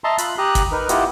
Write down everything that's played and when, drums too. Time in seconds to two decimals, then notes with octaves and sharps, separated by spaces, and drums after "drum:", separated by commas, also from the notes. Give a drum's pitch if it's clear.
0.04 D#5 E5 A5 A#5 C6
0.18 F4 B5 F#6, drum: hi-hat
0.38 G4 A#5 D#6 F#6
0.55 drum: kick, hi-hat
0.72 D#4 A#4 B4
0.89 A#3 E4 F4 G4 D#5 F#5, drum: hi-hat